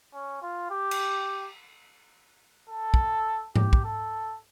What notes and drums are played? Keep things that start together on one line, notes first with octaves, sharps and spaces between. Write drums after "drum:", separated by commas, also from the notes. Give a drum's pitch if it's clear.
C#4
F4
G4
drum: cymbal
A4
drum: kick
G4, drum: tom G#2
drum: kick
A4